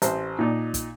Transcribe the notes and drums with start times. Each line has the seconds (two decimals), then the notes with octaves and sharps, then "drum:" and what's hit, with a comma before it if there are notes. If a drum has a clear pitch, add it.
0.02 A1 C5 E5, drum: hi-hat
0.39 A#2 D#4 D5
0.74 drum: kick, hi-hat